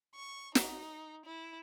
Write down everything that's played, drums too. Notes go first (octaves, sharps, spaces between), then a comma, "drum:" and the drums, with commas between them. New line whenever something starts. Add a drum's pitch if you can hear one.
C#6
D#4, drum: snare
E4